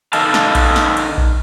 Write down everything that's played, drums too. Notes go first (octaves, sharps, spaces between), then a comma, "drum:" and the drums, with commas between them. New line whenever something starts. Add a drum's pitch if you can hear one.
D#3 D#4 A4 F5 A5, drum: cymbal
drum: snare
drum: kick A#1, cymbal
drum: snare
drum: cymbal
drum: kick A#1